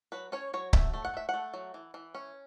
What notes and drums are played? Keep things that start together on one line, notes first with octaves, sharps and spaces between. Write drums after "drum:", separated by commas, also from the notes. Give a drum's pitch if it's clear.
F#3 B4
C#4 C#5
F#3 C#5
A3 E5, drum: kick C#1
A3
F#5
A3 E5
A3 F#5
F#3
E3
E3
C#4